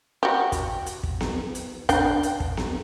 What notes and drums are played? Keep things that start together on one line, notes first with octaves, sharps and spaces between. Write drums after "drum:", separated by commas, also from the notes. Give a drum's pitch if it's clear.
F#4 G4
drum: kick, hi-hat
drum: hi-hat
drum: kick
drum: snare B3
drum: hi-hat
D4 G5, drum: kick, hi-hat
drum: hi-hat
drum: kick
drum: snare B3